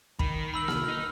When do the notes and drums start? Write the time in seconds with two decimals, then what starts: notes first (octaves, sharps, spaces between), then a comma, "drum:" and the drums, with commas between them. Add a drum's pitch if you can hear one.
0.19 D#3 B5, drum: kick
0.54 B5 E6 F#7
0.68 F6, drum: snare A#3
0.88 D#4